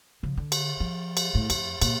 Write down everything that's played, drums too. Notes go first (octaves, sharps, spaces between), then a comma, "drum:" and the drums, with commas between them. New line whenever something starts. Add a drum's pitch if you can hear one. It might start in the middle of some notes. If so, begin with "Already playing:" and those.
C#3 F3
D3
drum: cymbal
F3
drum: cymbal
A2
F2, drum: cymbal
A#2, drum: cymbal